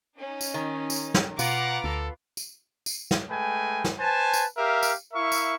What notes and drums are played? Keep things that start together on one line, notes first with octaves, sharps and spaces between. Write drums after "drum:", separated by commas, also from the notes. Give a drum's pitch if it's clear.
C#4 D#4
drum: tambourine
D#3
drum: tambourine
drum: snare
B2 B3 F4 F5 F#5 A#5 D6, drum: tambourine
D2 A4
drum: tambourine
drum: tambourine
drum: snare
G#3 A3 B4 G5 G#5
drum: snare
B4 C5 G#5 A5
drum: tambourine
G4 A#4 E5 F5
drum: tambourine
E4 A#4 E5 F5 C#6
drum: tambourine